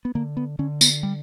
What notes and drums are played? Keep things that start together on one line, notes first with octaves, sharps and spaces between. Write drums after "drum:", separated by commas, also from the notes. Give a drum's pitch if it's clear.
B3
D3 A#3
B3
D3 C#4
B3, drum: tambourine
G3